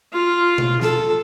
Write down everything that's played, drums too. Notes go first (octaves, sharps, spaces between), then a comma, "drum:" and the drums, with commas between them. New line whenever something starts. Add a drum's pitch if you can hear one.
F4
drum: tom B2
A4, drum: snare